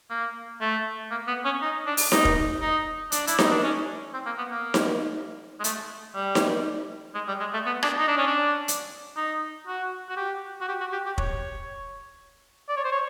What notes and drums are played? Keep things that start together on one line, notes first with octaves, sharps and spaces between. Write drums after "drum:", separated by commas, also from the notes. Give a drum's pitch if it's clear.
A#3
A3
A#3
B3
C#4
D#4
D4
drum: open hi-hat
D#4, drum: snare D#4
drum: kick
D#4
D4, drum: hi-hat
E4, drum: hi-hat
D#4, drum: snare D#4
D4
C#4
C4
A#3
B3
A#3
drum: snare D#4
G#3
A3, drum: hi-hat
G3
drum: snare D#4
G#3
G3
G#3
A3
B3
D4, drum: rim click
D#4
D4
C#4
D4
drum: hi-hat
D#4
F#4
F#4
G4
F#4
G4
F#4
G4
G4
C#5, drum: kick
D5
C#5
C5
C#5